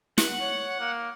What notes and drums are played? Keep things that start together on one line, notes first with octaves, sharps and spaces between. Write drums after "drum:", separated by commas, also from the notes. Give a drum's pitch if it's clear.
F#5, drum: snare
C#5
A#3